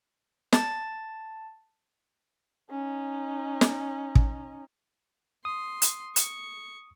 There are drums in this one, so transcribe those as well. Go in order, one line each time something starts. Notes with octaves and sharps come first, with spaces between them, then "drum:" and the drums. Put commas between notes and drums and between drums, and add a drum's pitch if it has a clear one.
A5 A6, drum: snare
C#4 D#4
drum: snare
drum: kick
C6 D#6
drum: hi-hat
C#6, drum: hi-hat